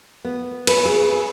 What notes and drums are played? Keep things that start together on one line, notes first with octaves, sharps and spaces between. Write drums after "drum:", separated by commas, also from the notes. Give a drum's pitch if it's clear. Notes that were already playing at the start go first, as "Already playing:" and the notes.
B3
B4, drum: cymbal
G#4